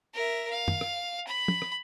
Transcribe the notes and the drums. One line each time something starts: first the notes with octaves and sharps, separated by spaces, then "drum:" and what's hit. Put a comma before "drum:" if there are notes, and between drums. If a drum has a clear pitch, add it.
A#4 E5
F5
drum: tom F#2
drum: rim click
B5
drum: tom
drum: rim click